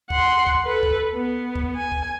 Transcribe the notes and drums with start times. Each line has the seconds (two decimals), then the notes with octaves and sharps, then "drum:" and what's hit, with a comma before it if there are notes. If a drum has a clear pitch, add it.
0.10 F#5 C6, drum: kick C#2
0.47 drum: kick C#2
0.65 A4 B4
0.83 drum: kick C#2
1.14 B3
1.55 drum: kick C#2
1.75 G#5
1.92 drum: kick C#2